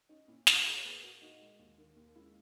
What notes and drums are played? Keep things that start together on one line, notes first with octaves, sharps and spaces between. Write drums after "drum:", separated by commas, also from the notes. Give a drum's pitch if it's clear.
C#4 D#4
A#2 C#4 E4
A#2 D#4 F#4, drum: snare
F#4
A#3 E4 G#4
C#5
A#2 G#4 B4
A#3 F#4 A#4
A#3 D#4 F#4
G#3
D#2
D#3
D#2
G#3 C#4 E4